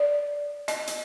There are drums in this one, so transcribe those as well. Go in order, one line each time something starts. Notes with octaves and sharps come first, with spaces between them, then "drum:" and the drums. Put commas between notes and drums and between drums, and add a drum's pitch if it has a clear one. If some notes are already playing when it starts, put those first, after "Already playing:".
Already playing: D5
D#5, drum: hi-hat
drum: hi-hat